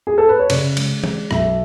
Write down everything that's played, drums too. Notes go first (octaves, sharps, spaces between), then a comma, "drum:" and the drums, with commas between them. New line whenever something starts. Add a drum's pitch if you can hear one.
G#4
A4
B4
C#5
C#3 D5, drum: cymbal
G#3, drum: cymbal
G#3, drum: tom E3
B1 E5, drum: rim click